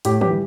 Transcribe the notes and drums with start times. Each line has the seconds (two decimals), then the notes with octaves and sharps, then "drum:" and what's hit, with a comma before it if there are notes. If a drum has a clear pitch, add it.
0.05 A2 G4, drum: hi-hat
0.21 G4 B4, drum: tom
0.30 E3 G3